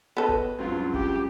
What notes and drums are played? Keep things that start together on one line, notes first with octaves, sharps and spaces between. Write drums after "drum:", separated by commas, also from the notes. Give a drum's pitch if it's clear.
B3 A4 B4 C#5 D#5
drum: kick F#1
C#2 G2 F#3 C4 F4
G4, drum: kick F#1